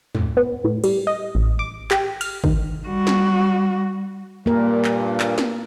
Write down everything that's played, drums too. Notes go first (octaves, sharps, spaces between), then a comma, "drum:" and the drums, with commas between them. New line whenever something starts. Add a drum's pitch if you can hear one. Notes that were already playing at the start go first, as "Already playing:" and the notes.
A2, drum: tom
B3
A2
G3, drum: cymbal
D#5
A1
D6
G4, drum: clap
F6, drum: cymbal
D#3, drum: kick
G3 F#4
drum: snare
G2 A#2 A#3 A#4
drum: clap
drum: clap
drum: snare